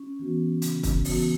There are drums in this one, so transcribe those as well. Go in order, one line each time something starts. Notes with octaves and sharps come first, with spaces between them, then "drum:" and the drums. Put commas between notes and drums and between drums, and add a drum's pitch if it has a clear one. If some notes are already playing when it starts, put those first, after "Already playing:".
Already playing: C#4
E3 B3 F#4
C#3, drum: hi-hat
drum: kick, hi-hat
E3 B3 F#4, drum: open hi-hat